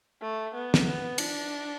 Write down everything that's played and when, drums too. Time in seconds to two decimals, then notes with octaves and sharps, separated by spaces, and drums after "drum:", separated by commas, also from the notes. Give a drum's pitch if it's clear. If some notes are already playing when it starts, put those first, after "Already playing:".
0.22 A3
0.54 B3
0.74 drum: snare
0.86 B3
1.18 D4, drum: cymbal